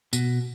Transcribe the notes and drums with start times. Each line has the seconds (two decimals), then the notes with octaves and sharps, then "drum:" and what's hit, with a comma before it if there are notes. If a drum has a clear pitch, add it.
0.13 B2, drum: tambourine